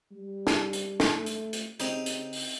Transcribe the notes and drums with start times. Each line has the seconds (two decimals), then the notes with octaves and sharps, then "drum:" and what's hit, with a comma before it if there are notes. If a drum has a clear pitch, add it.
0.11 G3
0.47 drum: snare
0.73 drum: hi-hat
1.00 drum: snare
1.15 A3
1.26 drum: hi-hat
1.53 drum: hi-hat
1.80 C#3 C4 D#4 G4, drum: hi-hat
2.06 drum: hi-hat
2.33 drum: open hi-hat